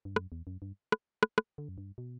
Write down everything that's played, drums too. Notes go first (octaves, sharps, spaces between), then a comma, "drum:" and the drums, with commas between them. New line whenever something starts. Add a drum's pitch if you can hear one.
G2
F#2, drum: rim click
E2
F#2
G2
drum: rim click
drum: rim click
drum: rim click
D3
F#2
G2
B2